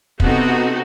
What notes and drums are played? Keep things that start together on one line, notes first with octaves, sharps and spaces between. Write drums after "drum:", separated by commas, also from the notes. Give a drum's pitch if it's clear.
C3 B3 C4 D#4 F#4 A4, drum: kick